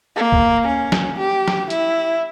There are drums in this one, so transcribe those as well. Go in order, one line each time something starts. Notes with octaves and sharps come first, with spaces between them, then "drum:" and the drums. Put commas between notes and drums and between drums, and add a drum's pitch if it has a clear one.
A#3
drum: kick
C#4
drum: snare
G4
drum: snare
E4, drum: hi-hat